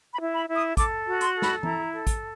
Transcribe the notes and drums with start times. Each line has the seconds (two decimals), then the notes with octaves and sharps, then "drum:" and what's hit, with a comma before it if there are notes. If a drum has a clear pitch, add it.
0.13 B5
0.20 E4
0.34 B5
0.49 E4
0.55 D#6
0.77 A4 D6, drum: kick, hi-hat
1.06 F#4
1.21 C6, drum: hi-hat
1.35 A4
1.42 B5, drum: snare
1.63 E4 A#5, drum: tom E3
1.92 A4
2.07 drum: kick, hi-hat